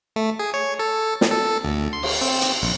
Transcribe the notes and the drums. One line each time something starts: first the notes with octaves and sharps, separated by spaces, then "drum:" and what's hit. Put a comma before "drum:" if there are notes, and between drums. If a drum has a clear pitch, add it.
A3
G#4
C#5
A4
drum: snare
A4
D2
C6
drum: cymbal
C4
drum: hi-hat
A#1